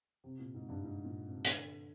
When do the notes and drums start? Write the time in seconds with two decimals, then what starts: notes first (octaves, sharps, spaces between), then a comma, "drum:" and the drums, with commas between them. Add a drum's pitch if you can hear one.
0.24 C3
0.39 A#2
0.54 G#2
0.69 G2
0.84 G#2
1.04 A#2
1.25 C3
1.45 D3, drum: hi-hat